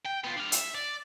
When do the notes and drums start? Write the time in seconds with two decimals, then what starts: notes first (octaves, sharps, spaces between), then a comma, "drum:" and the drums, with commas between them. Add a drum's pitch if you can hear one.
0.06 G5
0.24 B3 F4
0.37 D4 F5
0.52 E5, drum: hi-hat
0.75 D5